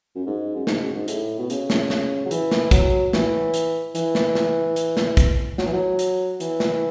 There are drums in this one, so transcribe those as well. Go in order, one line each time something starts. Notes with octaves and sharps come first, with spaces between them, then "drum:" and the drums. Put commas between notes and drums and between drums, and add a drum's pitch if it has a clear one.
F#2
G#2
F#2
G#2, drum: snare
F#2
G#2
A2, drum: hi-hat
B2
C#3, drum: hi-hat
drum: snare
drum: snare
F#3
E3, drum: hi-hat
drum: snare
F#3, drum: kick, hi-hat
E3, drum: snare
drum: hi-hat
E3, drum: hi-hat
drum: snare
drum: snare
drum: hi-hat
drum: snare
drum: kick, hi-hat
F#3, drum: snare
E3
F#3
drum: hi-hat
E3, drum: hi-hat
drum: snare